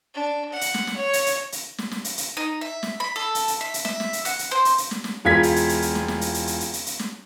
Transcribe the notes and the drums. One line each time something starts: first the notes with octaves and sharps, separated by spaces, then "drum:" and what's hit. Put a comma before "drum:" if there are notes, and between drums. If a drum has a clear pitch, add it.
D4
F#5
drum: hi-hat
drum: snare
drum: snare
C#5
drum: hi-hat
drum: hi-hat
drum: hi-hat
drum: snare
drum: snare
drum: hi-hat
drum: hi-hat
D#4
E5
drum: snare
B5
A4
drum: hi-hat
drum: hi-hat
E5
drum: hi-hat
E5, drum: snare
drum: snare
drum: hi-hat
F#5, drum: hi-hat
drum: hi-hat
C5
drum: hi-hat
drum: hi-hat
drum: snare
drum: snare
E1 F4 G#6 B6
drum: hi-hat
drum: hi-hat
drum: hi-hat
drum: hi-hat
drum: snare
drum: snare
drum: hi-hat
drum: hi-hat
drum: hi-hat
drum: hi-hat
drum: hi-hat
drum: hi-hat
drum: snare